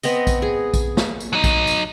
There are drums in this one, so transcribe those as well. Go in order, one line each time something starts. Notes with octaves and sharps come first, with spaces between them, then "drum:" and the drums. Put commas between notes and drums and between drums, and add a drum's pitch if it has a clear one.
B3 C4 D#5, drum: tambourine
drum: kick A#1, tambourine
G#4
drum: kick A#1, tambourine
drum: snare
drum: tambourine
F#3 D#4
drum: kick A#1, tambourine
drum: tambourine